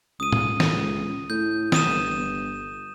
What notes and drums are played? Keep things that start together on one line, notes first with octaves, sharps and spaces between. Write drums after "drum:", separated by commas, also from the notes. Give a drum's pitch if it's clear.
C#2 D#6 D#7
drum: tom A2
drum: snare
C#2
A2 G6
D#6 D#7 E7, drum: snare
G1